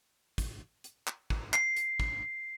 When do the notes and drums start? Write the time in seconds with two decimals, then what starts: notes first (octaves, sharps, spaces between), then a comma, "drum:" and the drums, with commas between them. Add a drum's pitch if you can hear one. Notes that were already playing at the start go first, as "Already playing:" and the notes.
0.38 drum: kick, hi-hat
0.84 drum: hi-hat
1.07 drum: clap
1.30 drum: kick
1.53 C7, drum: clap
1.77 drum: hi-hat
2.00 drum: kick